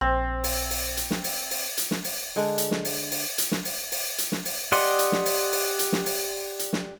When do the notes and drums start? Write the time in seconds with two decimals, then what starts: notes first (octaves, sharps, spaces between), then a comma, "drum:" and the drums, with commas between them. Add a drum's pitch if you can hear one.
0.01 A#1 C4 C5
0.44 drum: open hi-hat
0.70 drum: open hi-hat
0.97 drum: hi-hat
1.11 drum: snare
1.24 drum: open hi-hat
1.51 drum: open hi-hat
1.78 drum: hi-hat
1.91 drum: snare
2.04 drum: open hi-hat
2.36 D3 G#3 D4
2.58 drum: hi-hat
2.71 drum: snare
2.85 drum: open hi-hat
3.11 drum: open hi-hat
3.38 drum: hi-hat
3.52 drum: snare
3.65 drum: open hi-hat
3.92 drum: open hi-hat
4.18 drum: hi-hat
4.32 drum: snare
4.45 drum: open hi-hat
4.72 G4 D5 D#5 F#5 C6, drum: open hi-hat
4.99 drum: hi-hat
5.12 drum: snare
5.26 drum: open hi-hat
5.52 drum: open hi-hat
5.79 drum: hi-hat
5.92 drum: snare
6.06 drum: open hi-hat
6.59 drum: hi-hat
6.73 drum: snare